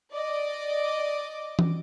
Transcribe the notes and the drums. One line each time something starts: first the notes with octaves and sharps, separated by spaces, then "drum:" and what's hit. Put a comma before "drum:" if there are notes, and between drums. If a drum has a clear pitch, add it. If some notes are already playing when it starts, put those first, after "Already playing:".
D5 D#5 D6
drum: tom E3